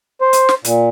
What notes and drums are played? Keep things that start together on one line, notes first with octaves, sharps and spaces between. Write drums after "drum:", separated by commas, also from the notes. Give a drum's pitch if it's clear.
C5
drum: hi-hat
drum: snare
A#2, drum: hi-hat